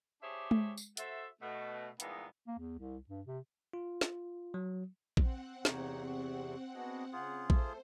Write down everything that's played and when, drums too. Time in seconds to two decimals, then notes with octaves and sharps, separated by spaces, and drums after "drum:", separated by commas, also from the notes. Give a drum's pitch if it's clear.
0.22 D4 G4 G#4 C5 C#5 E5
0.51 drum: tom G#3
0.77 drum: tambourine
0.97 F#4 A4 C5 E5, drum: hi-hat
1.42 B2 A3
2.00 G2 A#2 E3 G#3 B3 D#4, drum: hi-hat
2.47 A#3
2.58 E2
2.78 C2
3.09 G2
3.26 C3
3.73 F4
4.01 drum: snare
4.54 F#3
5.17 C4 F#5, drum: kick A#1
5.65 E2 C3 A#3 D#4 C#5, drum: snare
6.07 C#6
6.75 B3 D4 F#4 G#4 D#5
7.13 C#3 F4 G#4 F#5
7.50 A3 A4 C5, drum: kick A#1